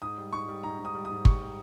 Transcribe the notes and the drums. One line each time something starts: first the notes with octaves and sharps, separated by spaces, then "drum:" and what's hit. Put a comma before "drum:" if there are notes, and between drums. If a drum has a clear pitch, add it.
G#2 D#6
G3
G#2 C#6
G3
G#2 A#5
G#2
D#6
G3
D#6
G#2
G3 C#6, drum: kick
G3